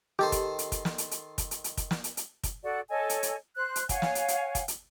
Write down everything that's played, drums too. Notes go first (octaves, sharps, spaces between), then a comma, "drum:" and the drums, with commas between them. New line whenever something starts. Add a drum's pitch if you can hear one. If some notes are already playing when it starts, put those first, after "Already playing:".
D#3 G4 A4 C5
drum: kick, hi-hat
drum: hi-hat
drum: kick, hi-hat
drum: snare
drum: hi-hat
drum: hi-hat
drum: kick, hi-hat
drum: hi-hat
drum: hi-hat
drum: kick, hi-hat
drum: snare
drum: hi-hat
drum: hi-hat
drum: kick, hi-hat
F#4 A4 D5 F#5
A4 C#5 D#5 G#5
drum: hi-hat
drum: hi-hat
C5 F#6
drum: hi-hat
C#5 F5 F#5 G#5, drum: kick, hi-hat
drum: snare
drum: hi-hat
drum: hi-hat
drum: kick, hi-hat
drum: hi-hat